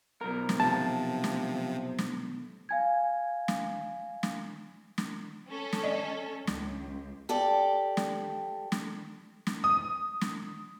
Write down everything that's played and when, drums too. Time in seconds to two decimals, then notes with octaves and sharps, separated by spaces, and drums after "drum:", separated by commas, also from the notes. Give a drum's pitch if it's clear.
0.21 B1 A#4
0.49 drum: snare
0.60 C3 F3 A5
1.24 drum: snare
1.98 drum: snare
2.69 F5 G#5 G#6
3.48 drum: snare
4.23 drum: snare
4.98 drum: snare
5.47 C#4 A4
5.73 drum: snare
5.83 D5 D#5
6.47 C#2, drum: snare
7.29 G4 A4 D5
7.97 drum: snare
8.72 drum: snare
9.47 drum: snare
9.64 D#6
10.21 drum: snare